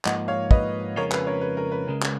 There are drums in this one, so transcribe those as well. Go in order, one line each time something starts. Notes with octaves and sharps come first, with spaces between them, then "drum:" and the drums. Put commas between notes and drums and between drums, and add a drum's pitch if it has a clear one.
G#2 F3 A#3 D#5 F#5, drum: clap
C#5 F5
B4 D#5, drum: kick
F2 C#3 G#3 C#4 F4 A#4 C#5
B4, drum: clap
A#4 C#5
B4
A#4
B4
C#2 C#3 G#3 A#4
drum: clap